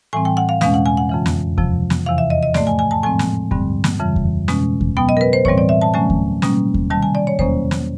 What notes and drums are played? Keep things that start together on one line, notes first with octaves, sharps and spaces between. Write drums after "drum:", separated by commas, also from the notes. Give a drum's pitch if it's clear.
A2 E3 G3 C4 G#5
G5
F#5
F5
E2 B2 G#3 C#4 F5, drum: snare
F#5
G#5
F#5
F2 C#3 E3
drum: snare
F2 C3 F3, drum: kick D#2
drum: snare
E2 C3 E3 F5
E5
D#5
D#5
G#2 F3 A3 D5, drum: snare
G#5
G#5
A5
A2 F3 G#3 C4 G#5
drum: snare
G2 D3 G3 C4, drum: kick D#2
drum: snare
F2 C#3 E3 G3
drum: kick D#2
B2 G#3 C#4, drum: snare
drum: kick D#2
B2 F#3 B3 G5
D#5
A#4
B4
C5
A2 E3 G3 C4 C#5, drum: kick D#2
D5
E5
A5
D3 F#3 A3 C#4 G#5
drum: kick D#2
B2 G3 A#3 C#4, drum: snare
drum: kick D#2
C3 D#3 G3 A5
G#5
D5
C#5
E2 B2 F#3 A#3 C#4 C5, drum: kick D#2
drum: snare